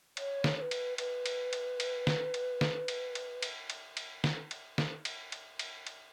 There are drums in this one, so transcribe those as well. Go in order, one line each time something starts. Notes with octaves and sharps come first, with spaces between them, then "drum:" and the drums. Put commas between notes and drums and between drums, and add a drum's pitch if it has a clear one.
C#5, drum: cymbal
drum: snare
C#5
B4
drum: cymbal
B4, drum: cymbal
drum: cymbal
drum: cymbal
drum: cymbal
drum: snare
drum: cymbal
drum: snare
drum: cymbal
drum: cymbal
drum: cymbal
drum: cymbal
drum: cymbal
drum: snare
drum: cymbal
drum: snare
drum: cymbal
drum: cymbal
drum: cymbal
drum: cymbal